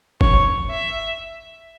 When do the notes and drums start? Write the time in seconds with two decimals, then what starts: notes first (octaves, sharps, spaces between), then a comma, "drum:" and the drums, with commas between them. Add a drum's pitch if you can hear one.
0.21 C#5, drum: kick
0.71 E5